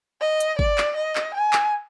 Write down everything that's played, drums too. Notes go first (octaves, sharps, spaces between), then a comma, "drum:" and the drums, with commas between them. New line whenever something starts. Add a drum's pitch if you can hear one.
D#5
drum: hi-hat
D5, drum: kick
drum: clap
D#5
drum: clap
G#5
drum: clap